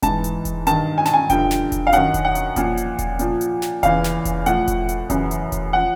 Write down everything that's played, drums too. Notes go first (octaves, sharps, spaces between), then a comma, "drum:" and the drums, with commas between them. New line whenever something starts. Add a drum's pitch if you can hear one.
G#2 E3 A5, drum: kick E1, hi-hat
drum: hi-hat
drum: kick E1, hi-hat
G2 D#3 A5, drum: hi-hat
G#5
A5, drum: snare
G#5
G2 D3 F3 G5, drum: kick E1, hi-hat
drum: snare
drum: kick E1, hi-hat
F5
F#2 D#3 F#5, drum: hi-hat
drum: kick E1, hi-hat
F#5
drum: hi-hat
A#2 F3, drum: kick E1, hi-hat
drum: hi-hat
drum: kick E1, hi-hat
A#2 F3, drum: hi-hat
drum: hi-hat
drum: snare
E2 C#3 E3 F5, drum: kick E1, hi-hat
drum: snare
drum: kick E1, hi-hat
A2 F3 F#5, drum: hi-hat
drum: kick E1, hi-hat
drum: hi-hat
F#2 C#3 E3, drum: kick E1, hi-hat
drum: hi-hat
drum: kick E1, hi-hat
F3 F#5